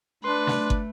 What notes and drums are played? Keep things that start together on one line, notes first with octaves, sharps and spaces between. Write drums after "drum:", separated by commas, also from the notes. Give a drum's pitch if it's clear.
A3 D4 B4 C6
drum: snare
drum: kick